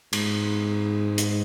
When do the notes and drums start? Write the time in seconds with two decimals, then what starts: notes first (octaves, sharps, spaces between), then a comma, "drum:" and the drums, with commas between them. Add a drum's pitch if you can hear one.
0.13 G#2, drum: cymbal
1.18 drum: hi-hat